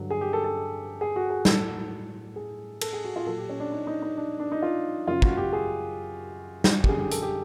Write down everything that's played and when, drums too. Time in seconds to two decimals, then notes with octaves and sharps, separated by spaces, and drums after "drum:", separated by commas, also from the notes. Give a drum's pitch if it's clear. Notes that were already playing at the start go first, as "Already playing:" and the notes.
Already playing: G2 D3 F#3
0.10 G#4
0.21 G4
0.33 A4
0.44 A4
1.01 G#4
1.16 F#4
1.30 G#4
1.45 A2 F#3 A4, drum: snare
2.36 G#4
2.81 A4, drum: cymbal
2.93 G#4
3.05 F#4
3.16 F4
3.26 A#2 F#3 A4
3.38 G4
3.49 C#4
3.60 D4
3.72 D#4
3.87 D#4
4.02 D#4
4.17 D4
4.40 D4
4.52 D#4
4.62 F4
5.08 F#2 C#3 F#3 F4
5.22 F#4, drum: kick
5.37 G4
5.53 G#4
6.64 drum: snare
6.84 G4, drum: kick
6.89 F#2 D3 G3 G#4
7.00 G4
7.11 A4, drum: hi-hat
7.22 G4